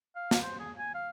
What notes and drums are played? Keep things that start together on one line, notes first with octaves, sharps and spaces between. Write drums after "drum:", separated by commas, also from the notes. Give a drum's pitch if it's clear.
F5
drum: snare
C5
G#4
G#5
F5